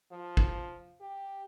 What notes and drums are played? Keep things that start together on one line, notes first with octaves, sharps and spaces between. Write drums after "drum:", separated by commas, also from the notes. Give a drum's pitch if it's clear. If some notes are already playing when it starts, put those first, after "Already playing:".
F3
drum: kick
G4